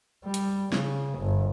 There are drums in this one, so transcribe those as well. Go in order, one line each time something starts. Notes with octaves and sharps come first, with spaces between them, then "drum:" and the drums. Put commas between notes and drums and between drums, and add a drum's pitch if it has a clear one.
G3
drum: hi-hat
C#3, drum: snare
G1